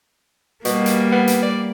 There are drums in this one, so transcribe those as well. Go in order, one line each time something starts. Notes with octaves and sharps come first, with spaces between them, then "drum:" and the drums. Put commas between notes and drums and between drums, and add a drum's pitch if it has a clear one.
B2 G3 A#3, drum: hi-hat
drum: hi-hat
B3
drum: hi-hat
D5